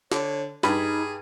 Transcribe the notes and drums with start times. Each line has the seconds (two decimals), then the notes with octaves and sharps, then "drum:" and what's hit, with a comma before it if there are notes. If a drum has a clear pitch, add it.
0.12 D3 C#5, drum: snare
0.63 G2 D#4 G#4 B5, drum: snare